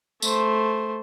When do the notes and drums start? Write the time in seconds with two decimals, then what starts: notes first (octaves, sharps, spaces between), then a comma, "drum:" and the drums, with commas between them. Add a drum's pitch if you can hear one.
0.22 A3 C5, drum: tambourine